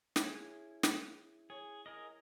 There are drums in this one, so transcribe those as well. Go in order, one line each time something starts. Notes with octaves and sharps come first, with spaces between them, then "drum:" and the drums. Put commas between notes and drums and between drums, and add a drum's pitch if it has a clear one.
C#4 E4 G#4, drum: snare
drum: snare
G#4 C#5
G#4 A#4 D#5